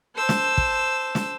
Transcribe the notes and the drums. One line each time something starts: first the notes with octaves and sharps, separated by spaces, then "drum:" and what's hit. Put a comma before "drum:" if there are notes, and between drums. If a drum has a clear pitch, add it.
C5 A5 E6
drum: snare
drum: kick
drum: snare